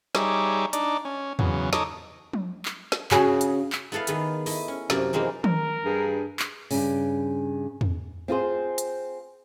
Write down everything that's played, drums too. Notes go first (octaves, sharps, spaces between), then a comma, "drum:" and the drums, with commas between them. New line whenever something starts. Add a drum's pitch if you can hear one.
G3 D#4 G#4 C#5 E5 D6, drum: snare
D4 D#4 D5, drum: hi-hat
C#4
E2 C#3 F#3, drum: tom E2
D#4 A4 C#5 D6 D#6, drum: snare
drum: tom F3
drum: clap
drum: snare
C#3 F#4 G#4, drum: clap
drum: hi-hat
drum: clap
B3 E4 A4 B4 F5
D#3 B3 G#4, drum: hi-hat
A3 E4 D#5, drum: open hi-hat
C#4
F#2 C3 A#3 D5, drum: snare
E3 G#3 A#3 C4 D#4
A#4, drum: tom D#3
G2 G#4
drum: clap
G2 C#3, drum: open hi-hat
drum: tom E2
C4 F4 G#4 C5
drum: hi-hat